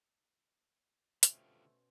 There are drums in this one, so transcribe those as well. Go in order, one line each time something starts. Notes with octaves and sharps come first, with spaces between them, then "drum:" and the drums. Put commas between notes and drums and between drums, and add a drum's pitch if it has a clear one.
B2 D3 A3 C#4 F4 G4 C5, drum: hi-hat